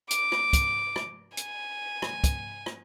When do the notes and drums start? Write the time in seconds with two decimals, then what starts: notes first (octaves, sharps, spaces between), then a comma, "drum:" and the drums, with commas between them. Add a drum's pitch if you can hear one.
0.11 D6, drum: hi-hat
0.32 drum: rim click
0.53 drum: kick, hi-hat
0.96 drum: rim click
1.37 G#5, drum: hi-hat
2.02 drum: rim click
2.24 drum: kick, hi-hat
2.66 drum: rim click